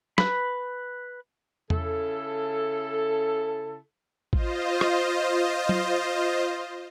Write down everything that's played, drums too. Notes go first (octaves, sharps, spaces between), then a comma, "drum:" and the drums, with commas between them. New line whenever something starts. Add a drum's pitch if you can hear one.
B4 B5, drum: snare
C#3 E4 A4, drum: tom E2
F4 C5 D#5, drum: kick A1
drum: rim click
drum: tom F#3